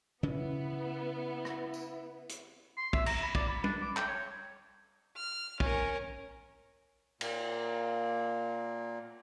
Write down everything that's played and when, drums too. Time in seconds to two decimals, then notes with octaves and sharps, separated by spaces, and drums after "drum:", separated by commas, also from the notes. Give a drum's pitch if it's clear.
0.23 C#3 B3 C#4 E4
1.45 drum: rim click
1.74 drum: tambourine
2.29 drum: hi-hat
2.77 C6
2.93 E5, drum: kick
3.06 A#5, drum: cymbal
3.22 B5
3.35 D5, drum: kick
3.48 B5
3.64 D4, drum: tom
3.81 D6
3.97 G5, drum: clap
4.08 C#5
5.16 F6
5.60 C#4 A#4, drum: kick
7.21 A#2 A#3, drum: cymbal